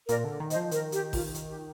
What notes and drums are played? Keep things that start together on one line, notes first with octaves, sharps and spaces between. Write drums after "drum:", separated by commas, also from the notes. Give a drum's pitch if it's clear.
A#2 A#4 D5, drum: hi-hat
D3
D#3
C5 D#5, drum: hi-hat
F3
D#3 A#4, drum: hi-hat
G4, drum: hi-hat
F4, drum: kick A1, open hi-hat
drum: hi-hat
G4